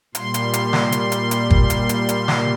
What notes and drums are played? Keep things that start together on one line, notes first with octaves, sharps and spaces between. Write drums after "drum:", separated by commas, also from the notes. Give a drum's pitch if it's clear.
A#2 G3 C6, drum: hi-hat
drum: hi-hat
drum: hi-hat
drum: snare
drum: hi-hat
drum: hi-hat
drum: hi-hat
drum: kick
drum: hi-hat
drum: hi-hat
drum: hi-hat
drum: snare